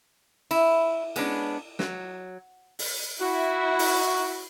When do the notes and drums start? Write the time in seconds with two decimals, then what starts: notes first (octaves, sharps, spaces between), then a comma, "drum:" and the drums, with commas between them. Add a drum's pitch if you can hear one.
0.51 E4, drum: cymbal
1.16 G#3 B3 C#4 D4, drum: cymbal
1.79 F#3, drum: snare
2.79 drum: open hi-hat
3.20 E4 F#4
3.79 drum: open hi-hat